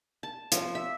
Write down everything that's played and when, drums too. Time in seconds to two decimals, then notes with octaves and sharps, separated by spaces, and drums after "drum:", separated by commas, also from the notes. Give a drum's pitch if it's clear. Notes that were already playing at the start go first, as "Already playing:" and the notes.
0.23 A5
0.52 F3, drum: hi-hat
0.75 E5